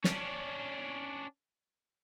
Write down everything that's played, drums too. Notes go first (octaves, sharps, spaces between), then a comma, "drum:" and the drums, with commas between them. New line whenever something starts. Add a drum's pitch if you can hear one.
C#4 D4, drum: snare